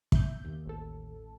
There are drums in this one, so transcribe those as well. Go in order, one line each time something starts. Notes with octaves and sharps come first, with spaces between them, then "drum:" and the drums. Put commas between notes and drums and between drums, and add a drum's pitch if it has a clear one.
E5 G6, drum: kick
D#2
A1 A4